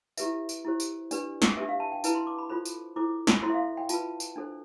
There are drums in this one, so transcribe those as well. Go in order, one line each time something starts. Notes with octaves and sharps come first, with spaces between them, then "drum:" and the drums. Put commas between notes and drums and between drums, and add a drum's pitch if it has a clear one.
E4 G4 B4 E5, drum: tambourine
drum: tambourine
E4 G4 C5
drum: tambourine
D4 G4 B4 D5, drum: tambourine
drum: snare
D4 G4 B4 E5
F5
A5
G5
E4 B4 A5, drum: tambourine
C6
D6
B5
F4 A4 C5 B5
drum: tambourine
E4 A4 C5 D6
drum: snare
E4 A4 C5 C6
E5
F5
G5
F4 B4 A5, drum: tambourine
drum: tambourine
D4 A4 C5